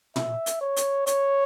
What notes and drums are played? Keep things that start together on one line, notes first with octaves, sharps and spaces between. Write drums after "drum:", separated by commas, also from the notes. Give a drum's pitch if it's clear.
E5, drum: tom
drum: hi-hat
C#5
drum: hi-hat
C#5, drum: hi-hat